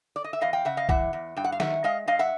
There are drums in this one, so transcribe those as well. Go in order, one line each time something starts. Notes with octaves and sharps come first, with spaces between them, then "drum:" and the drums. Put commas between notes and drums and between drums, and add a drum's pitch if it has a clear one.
D5
D#5
E5
E2 D#5 F5
F5 G5
C#3 E5 F#5
D#5 F5
E3 E5 F#5, drum: kick B1
E2
G2 G5
F#5
F5
D#3 E5 F#5, drum: snare
G#3 D#5 F5
G2 D#5 F5
E5 F#5